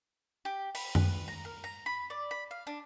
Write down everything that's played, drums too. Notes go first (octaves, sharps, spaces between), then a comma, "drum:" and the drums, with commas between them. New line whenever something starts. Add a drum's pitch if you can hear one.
G4
B5, drum: open hi-hat
B4, drum: tom F#2
A#5
A#4
A#5
B5
D5
B5
F5
D4